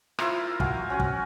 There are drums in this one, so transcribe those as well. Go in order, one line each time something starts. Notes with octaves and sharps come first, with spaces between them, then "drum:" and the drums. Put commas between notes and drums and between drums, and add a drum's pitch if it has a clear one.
E4 F4 A#4 C5, drum: rim click
F#4 F5 G#5, drum: kick
C#4 F#4 G#5
drum: kick